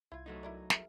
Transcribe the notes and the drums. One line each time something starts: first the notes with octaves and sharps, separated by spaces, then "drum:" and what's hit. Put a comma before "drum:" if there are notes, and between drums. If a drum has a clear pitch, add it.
C2 E4 F4 G#6
F#3 A3 D#4
E4 A#4 D5
G#4 A#4 E5, drum: snare